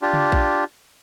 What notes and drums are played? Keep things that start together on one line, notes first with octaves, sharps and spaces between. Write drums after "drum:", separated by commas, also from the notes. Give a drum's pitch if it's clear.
D4 F4 G4
drum: tom C#3
drum: kick A#1